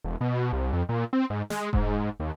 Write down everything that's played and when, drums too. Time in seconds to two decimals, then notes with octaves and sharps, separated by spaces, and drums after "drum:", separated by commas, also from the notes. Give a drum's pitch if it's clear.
0.04 E1
0.21 B2
0.53 C2
0.73 F2
0.89 A#2
1.13 C4
1.30 G#2
1.50 G#3, drum: snare
1.73 G#2, drum: kick E1
2.20 D#2